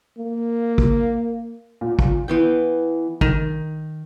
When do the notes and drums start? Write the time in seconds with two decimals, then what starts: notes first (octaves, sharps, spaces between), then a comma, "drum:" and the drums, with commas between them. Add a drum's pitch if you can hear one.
0.18 A#3
0.78 drum: kick
1.81 A#2
1.99 drum: kick
2.28 E3 B3 G5
3.21 D#3, drum: kick